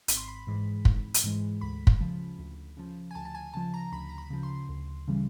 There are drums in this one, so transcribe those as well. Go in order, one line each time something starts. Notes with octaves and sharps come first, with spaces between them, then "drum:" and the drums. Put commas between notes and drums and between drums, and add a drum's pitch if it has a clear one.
G#1 B5, drum: hi-hat
C6
B5
G#2 E3 G#3
G#1, drum: kick
drum: hi-hat
G#2 E3 G#3
D2 B5
drum: kick
C#3 F3
D2
C#3 F3
G#5
D2 A5
A5
G#5
C#3 F3 A5
A#5
D2 B5
A#5
B5
C#3 F3
C6
D2
C#3 E3 G3